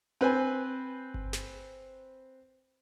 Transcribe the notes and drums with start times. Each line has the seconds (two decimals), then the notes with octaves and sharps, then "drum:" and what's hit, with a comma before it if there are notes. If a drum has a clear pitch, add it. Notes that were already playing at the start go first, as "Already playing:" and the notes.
0.21 C4 B4 C5 G#5
1.14 drum: kick G1
1.33 drum: snare